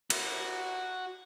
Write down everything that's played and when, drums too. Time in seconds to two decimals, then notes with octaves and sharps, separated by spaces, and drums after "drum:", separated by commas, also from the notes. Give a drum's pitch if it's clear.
0.10 F#4, drum: cymbal